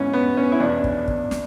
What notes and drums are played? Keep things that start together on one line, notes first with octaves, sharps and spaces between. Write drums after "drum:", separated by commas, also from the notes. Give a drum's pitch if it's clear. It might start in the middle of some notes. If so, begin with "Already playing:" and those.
Already playing: G#2 E3 B3 C#4
B3
C#4
E4
E2 B2 D4
drum: kick
drum: kick
drum: snare